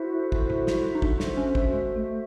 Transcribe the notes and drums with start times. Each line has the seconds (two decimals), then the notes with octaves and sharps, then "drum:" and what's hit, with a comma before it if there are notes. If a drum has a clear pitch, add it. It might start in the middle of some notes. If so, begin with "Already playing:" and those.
Already playing: E4 F#4 A4 C5 E5
0.32 drum: kick
0.50 drum: tom A#2
0.67 drum: snare
0.95 D#4
1.02 D4, drum: kick
1.20 drum: snare
1.37 C#4
1.55 drum: kick
1.73 G#3
1.96 A3